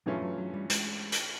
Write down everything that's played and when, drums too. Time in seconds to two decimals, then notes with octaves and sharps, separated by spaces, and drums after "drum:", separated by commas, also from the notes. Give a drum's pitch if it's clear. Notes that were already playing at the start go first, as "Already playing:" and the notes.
0.06 G2 E3 F#3 A3 C#4 F4
0.22 F#3
0.38 F#3
0.54 G3
0.70 G#3, drum: hi-hat
1.12 drum: hi-hat